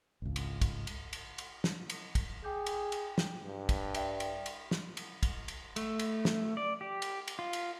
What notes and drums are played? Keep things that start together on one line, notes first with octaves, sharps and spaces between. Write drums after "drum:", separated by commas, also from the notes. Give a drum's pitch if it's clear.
G#1 C#2
drum: cymbal
drum: kick, cymbal
drum: cymbal
drum: cymbal
drum: cymbal
drum: snare
drum: cymbal
drum: kick, cymbal
G#4 G5 D6 G6
drum: cymbal
drum: cymbal
drum: snare
G2
drum: kick, cymbal
D5 E5 G5, drum: cymbal
drum: cymbal
drum: cymbal
drum: snare
drum: cymbal
drum: kick, cymbal
drum: cymbal
A3, drum: cymbal
drum: cymbal
drum: snare
D5
G4
drum: cymbal
drum: cymbal
F4
drum: cymbal